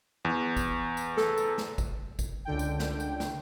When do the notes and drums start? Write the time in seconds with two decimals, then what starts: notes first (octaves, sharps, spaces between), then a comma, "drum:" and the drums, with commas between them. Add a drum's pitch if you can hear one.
0.25 E2
0.57 drum: kick, tambourine
0.97 drum: tambourine
1.17 A4, drum: snare
1.38 drum: tambourine
1.58 drum: snare
1.78 drum: kick, tambourine
2.19 drum: kick, tambourine
2.45 C#2 D3 G5
2.59 drum: tambourine
2.80 drum: snare
3.00 drum: tambourine
3.20 drum: snare